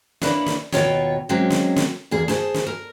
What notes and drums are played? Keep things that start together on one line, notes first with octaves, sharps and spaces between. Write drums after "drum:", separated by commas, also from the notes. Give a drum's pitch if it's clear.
A#3 D4 E4 B4 C#5, drum: snare
drum: snare
D#2 B2 B3 F4 C#5 G5, drum: snare
F#3 G#3 A#3 C4 C#4
drum: snare
drum: snare
E2 A#3 G#4
G#4 C5 A5, drum: snare
drum: snare
A#4